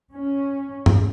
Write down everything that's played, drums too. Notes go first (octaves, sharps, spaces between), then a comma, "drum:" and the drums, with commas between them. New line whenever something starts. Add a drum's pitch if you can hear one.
C#4
drum: tom